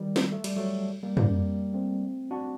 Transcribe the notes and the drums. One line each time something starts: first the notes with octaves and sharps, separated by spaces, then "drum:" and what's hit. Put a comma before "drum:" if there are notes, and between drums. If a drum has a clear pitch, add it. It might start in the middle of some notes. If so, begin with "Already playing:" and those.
Already playing: D#3 G3
drum: snare
A3
G3, drum: cymbal
F#3 A3
G3 A#3
G3 A#3, drum: tom
A3 C4
D4 F#4